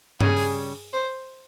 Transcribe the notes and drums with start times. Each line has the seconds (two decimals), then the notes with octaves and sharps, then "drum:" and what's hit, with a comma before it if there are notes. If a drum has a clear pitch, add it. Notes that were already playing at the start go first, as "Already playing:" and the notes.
0.21 C#3 G3 C#4 G#4, drum: tom G2
0.37 drum: open hi-hat
0.93 C5